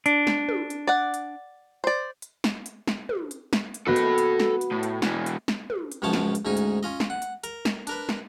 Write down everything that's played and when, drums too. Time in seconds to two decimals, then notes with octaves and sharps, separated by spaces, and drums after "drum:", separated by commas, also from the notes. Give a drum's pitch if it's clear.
0.06 D4, drum: hi-hat
0.27 drum: snare
0.49 drum: tom
0.70 drum: hi-hat
0.87 D5 F#5
1.14 drum: hi-hat
1.84 C5 D5
2.22 drum: hi-hat
2.44 drum: snare
2.66 drum: hi-hat
2.87 drum: snare
3.09 drum: tom
3.31 drum: hi-hat
3.53 drum: snare
3.74 drum: hi-hat
3.87 B3 F#4 A4 B5
3.96 drum: hi-hat
4.18 drum: hi-hat
4.40 drum: snare
4.61 drum: hi-hat
4.71 A2
4.83 drum: hi-hat
5.02 B2 E3, drum: snare
5.26 drum: hi-hat
5.48 drum: snare
5.70 drum: tom
5.92 drum: hi-hat
6.02 C#2 F#2 C#3 F3 C#5 A5
6.13 drum: snare
6.35 drum: hi-hat
6.45 D2 G#2 C#4 D#4 G#5
6.57 drum: hi-hat
6.83 C#4 F4 D#5
7.00 drum: snare
7.10 F#5
7.22 drum: hi-hat
7.44 A#4, drum: hi-hat
7.65 drum: snare
7.87 D4 A#4 B4, drum: hi-hat
8.09 drum: snare